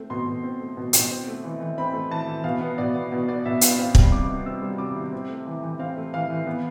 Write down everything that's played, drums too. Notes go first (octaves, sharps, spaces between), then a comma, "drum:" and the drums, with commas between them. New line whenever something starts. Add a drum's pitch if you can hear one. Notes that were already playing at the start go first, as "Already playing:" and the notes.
Already playing: A3 C4
B2 C6
B2
C4
A3
B2
B2, drum: hi-hat
C4
A3
E3
E3
C4 B5
A3
E3 A5
E3
B2 F5
B3
B2 D5
B3
B2
B3 D5
B2 E5
B3 F5, drum: hi-hat
C4 F5
G3, drum: kick
C3 D6
C3
C4 E6
G3
C3 D6
C3
C4
A3
E3
E3
C4 F5
A3
E3 F5
E3
B3